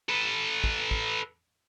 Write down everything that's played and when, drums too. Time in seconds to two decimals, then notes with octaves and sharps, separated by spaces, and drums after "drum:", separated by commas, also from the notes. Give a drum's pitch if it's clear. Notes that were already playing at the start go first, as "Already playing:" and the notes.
0.09 A4 B4
0.64 drum: kick
0.91 drum: kick